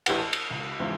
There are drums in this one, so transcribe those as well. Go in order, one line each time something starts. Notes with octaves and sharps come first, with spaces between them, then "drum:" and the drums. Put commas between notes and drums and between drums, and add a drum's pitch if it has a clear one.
A1 E3 E4 G4 B4 F#5, drum: cymbal
A5
drum: cymbal
C#2
E2 G#2 C#3 F3